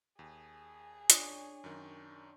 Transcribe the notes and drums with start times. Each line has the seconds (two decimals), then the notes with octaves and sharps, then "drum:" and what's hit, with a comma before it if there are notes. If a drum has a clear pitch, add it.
0.19 D#2 G#4
1.10 D4 F4 C#5 C#6 D#6, drum: hi-hat
1.64 F#2 D#3